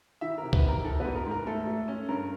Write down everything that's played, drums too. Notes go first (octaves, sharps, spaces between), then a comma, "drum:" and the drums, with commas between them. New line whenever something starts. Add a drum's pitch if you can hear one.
D#3 E4 E5
C3 A#4
B3 B4, drum: kick
C3
A#4
D#3 A4
G#2 B3 B4
A#4
G#2 A#4
A3 A4
A3
C#4
G2 A#4